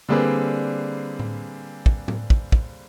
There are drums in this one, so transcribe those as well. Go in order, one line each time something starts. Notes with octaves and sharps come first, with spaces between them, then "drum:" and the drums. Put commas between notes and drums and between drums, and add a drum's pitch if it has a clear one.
D3 G3 A#3 C4 G#4 B4
drum: tom A2
drum: kick
drum: tom A2
drum: kick
drum: kick